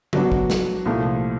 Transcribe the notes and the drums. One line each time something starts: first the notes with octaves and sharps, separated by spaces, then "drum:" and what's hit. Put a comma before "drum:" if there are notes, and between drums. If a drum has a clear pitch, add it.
F#3 B3 D4 F#4, drum: tom
drum: kick
drum: snare
C2 A#2 F3 A3